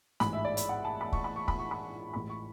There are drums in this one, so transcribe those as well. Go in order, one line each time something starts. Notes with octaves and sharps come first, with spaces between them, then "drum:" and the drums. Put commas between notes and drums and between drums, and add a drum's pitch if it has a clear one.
A1 G#2 G#3 B5, drum: snare
E5
D5
D5, drum: hi-hat
F#5
A5
B5
C#6, drum: kick
B5
C#6
B5, drum: kick
C#6
B5
A1 A2 G#3 B5
C#6